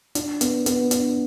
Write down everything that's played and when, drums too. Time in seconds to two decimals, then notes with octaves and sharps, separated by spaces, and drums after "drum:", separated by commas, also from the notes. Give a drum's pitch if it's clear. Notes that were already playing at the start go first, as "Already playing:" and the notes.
0.15 D4, drum: hi-hat
0.41 B3, drum: hi-hat
0.66 B3, drum: hi-hat
0.91 D4, drum: hi-hat